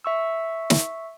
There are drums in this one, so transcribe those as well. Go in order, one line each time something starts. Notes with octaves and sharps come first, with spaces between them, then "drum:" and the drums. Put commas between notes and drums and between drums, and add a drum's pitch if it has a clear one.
E5 C#6 E6
drum: snare